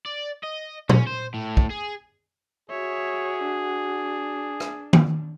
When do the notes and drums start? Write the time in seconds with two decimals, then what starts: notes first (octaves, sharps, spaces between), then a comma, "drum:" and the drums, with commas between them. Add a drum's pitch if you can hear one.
0.06 D5
0.44 D#5
0.89 C#4, drum: tom
1.07 C5
1.34 A2
1.57 drum: kick
1.70 G#4
2.70 F#4 G#4 C#5 E5
3.43 D4
4.60 drum: rim click
4.93 drum: tom D#3